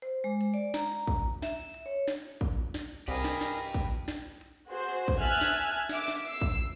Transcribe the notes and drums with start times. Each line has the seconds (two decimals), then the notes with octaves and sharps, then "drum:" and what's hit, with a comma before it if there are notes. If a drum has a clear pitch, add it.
0.02 C5
0.24 G#3
0.41 drum: hi-hat
0.54 D5
0.74 A#5, drum: snare
1.07 drum: kick, hi-hat
1.42 E5, drum: snare
1.74 drum: hi-hat
1.86 C#5
2.08 drum: snare
2.41 drum: kick, hi-hat
2.74 drum: snare
3.08 C2 G4 G#4 A#4 B4 D#5, drum: hi-hat
3.24 drum: snare
3.41 drum: snare
3.74 drum: kick, hi-hat
4.08 drum: snare
4.41 drum: hi-hat
4.67 F#4 G#4 C5
5.08 drum: kick, hi-hat
5.19 E5 G#5 A5 F6 F#6 G#6
5.41 drum: snare
5.75 drum: hi-hat
5.89 E5 D6, drum: snare
6.08 drum: snare
6.28 E6 C7
6.41 drum: kick, hi-hat